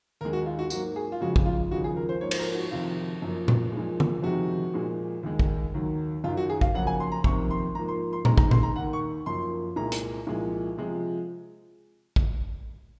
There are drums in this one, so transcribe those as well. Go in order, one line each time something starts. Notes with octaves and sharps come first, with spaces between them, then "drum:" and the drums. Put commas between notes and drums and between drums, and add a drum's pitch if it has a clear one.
D#2 D#3 G#3 A#4
F#4
F4
F#4
G#2 F#3 A#3 F#4, drum: tambourine
G#4
F4
F2 C#3 G#3 F#4
drum: kick
F4
D#2 C#3 F3 G#3 F#4
G#4
A#4
C5
G#2 F3 A#3 C#5
C5, drum: cymbal
A#4
F#4
F2 C3 D#3 F4
F#2 F3 A#3
drum: tom A#2
A#2 F3 G#3
drum: tom D3
F2 C3 D#3 G#3 F#4
A#2 F3 G#3
D#2 D#3 G#3
drum: kick
D#2 D#3 F#3
F#2 D#3 F#3 F4
F#4
G#4
F5, drum: kick
F2 C#3 F#3 A#3 F#5
G#5
C6
A#5
F2 C3 D#3 A#3 C#6, drum: kick
C6
G#2 F3 A#3 A#5
C6
C6
D#2 D#3 G#3 A#5, drum: tom A#2
A#5, drum: kick
C6, drum: tom A#2
A#5
D#2 D#3 A#3 F#5
C#6
F#2 F3 A#3 C6
C2 A#2 G#3 A#5
drum: hi-hat
C2 A#2 F3 G#3
C3 F3 G#3
drum: kick